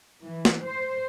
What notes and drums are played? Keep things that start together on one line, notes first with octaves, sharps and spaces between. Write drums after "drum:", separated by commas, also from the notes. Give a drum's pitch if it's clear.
E3
drum: snare
C5